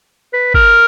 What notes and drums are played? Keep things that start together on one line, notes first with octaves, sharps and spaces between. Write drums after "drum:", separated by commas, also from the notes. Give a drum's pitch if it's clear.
B4
A#4, drum: kick G1